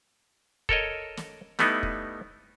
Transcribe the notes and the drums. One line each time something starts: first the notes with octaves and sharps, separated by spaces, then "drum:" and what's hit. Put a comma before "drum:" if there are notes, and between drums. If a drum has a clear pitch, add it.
A4 A#4 C#5 D#5, drum: kick
drum: snare
G3 A3 B3 D#4 E4, drum: snare
drum: kick